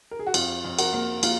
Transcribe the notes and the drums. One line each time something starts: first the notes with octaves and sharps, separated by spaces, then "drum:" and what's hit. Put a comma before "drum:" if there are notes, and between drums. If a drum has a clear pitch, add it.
A#4
G#4
F#4
F2 F4, drum: cymbal
F2
F#4 A#4, drum: cymbal
A#3
A#3 F4, drum: cymbal